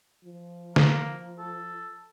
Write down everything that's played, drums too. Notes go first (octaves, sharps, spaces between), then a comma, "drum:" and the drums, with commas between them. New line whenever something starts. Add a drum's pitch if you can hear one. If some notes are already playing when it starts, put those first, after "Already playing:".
F3
A#3, drum: snare
A4